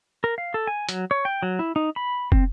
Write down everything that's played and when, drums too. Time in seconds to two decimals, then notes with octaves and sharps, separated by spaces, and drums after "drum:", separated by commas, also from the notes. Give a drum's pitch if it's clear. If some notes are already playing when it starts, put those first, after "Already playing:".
0.24 A#4
0.38 F5
0.54 A4
0.67 G#5
0.89 F#3, drum: hi-hat
1.11 C#5
1.25 G5
1.43 F#3
1.59 E4
1.76 D#4
1.96 B5
2.32 C4, drum: kick